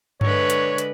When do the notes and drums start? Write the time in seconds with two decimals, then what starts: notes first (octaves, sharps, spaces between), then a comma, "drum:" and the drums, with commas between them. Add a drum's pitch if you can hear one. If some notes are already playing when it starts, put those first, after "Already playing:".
0.21 D3 G#3 B4 C#5, drum: tom G2
0.50 drum: hi-hat
0.78 drum: hi-hat